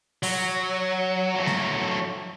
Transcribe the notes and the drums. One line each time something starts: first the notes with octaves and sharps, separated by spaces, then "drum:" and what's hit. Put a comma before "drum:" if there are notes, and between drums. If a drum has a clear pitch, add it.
F#3, drum: open hi-hat
F#3 A3
drum: snare G#3